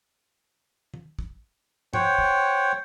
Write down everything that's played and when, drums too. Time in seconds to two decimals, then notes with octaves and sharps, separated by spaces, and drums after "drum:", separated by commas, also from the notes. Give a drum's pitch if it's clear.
0.94 drum: tom
1.19 drum: kick
1.94 C5 C#5 F#5 G5, drum: tom G2
2.18 drum: kick